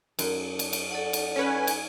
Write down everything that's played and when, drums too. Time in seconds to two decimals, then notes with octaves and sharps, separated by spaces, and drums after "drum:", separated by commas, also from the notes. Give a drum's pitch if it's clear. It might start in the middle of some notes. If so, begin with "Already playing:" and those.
0.19 F#2, drum: cymbal
0.59 drum: cymbal
0.73 drum: cymbal
0.91 A4 D5 F#5
1.13 drum: cymbal
1.36 C#4 B4 G#5
1.67 drum: cymbal